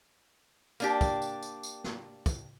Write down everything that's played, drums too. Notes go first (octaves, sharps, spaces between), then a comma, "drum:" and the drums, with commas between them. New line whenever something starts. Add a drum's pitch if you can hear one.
A#3 D4 G4, drum: tambourine
drum: kick, tambourine
drum: tambourine
drum: tambourine
drum: tambourine
drum: snare
drum: kick, tambourine